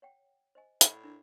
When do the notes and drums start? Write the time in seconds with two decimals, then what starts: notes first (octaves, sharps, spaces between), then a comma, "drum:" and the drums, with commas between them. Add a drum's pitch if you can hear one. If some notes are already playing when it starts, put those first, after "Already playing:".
0.02 C#5 F#5 G5
0.55 C5 D#5 G#5
0.81 A2 D5 F5, drum: hi-hat
1.04 D4 E4 A#4